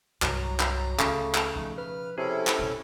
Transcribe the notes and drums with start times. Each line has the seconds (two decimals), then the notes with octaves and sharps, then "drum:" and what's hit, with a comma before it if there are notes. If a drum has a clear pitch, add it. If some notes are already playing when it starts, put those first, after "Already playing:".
0.22 C2 G2 F#3 A#5, drum: clap
0.60 drum: clap
0.99 C#2 C#3 A3, drum: clap
1.34 drum: clap
1.55 B2 F3 A3 D#4
1.78 B4 F6
2.18 C3 C#4 E4 G#4 A4
2.47 drum: clap
2.59 F2 B2